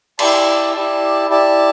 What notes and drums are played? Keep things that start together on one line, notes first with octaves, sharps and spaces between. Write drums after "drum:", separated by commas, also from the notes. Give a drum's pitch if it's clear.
E4 G4 D5 A5, drum: cymbal
E4 G4 D5 A5
E4 G4 D5 A5